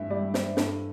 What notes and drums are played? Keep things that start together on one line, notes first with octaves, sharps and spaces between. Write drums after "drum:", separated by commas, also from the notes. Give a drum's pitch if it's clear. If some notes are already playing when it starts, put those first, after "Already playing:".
Already playing: G2 E5
G3 D5
C5, drum: snare
G2 A4, drum: snare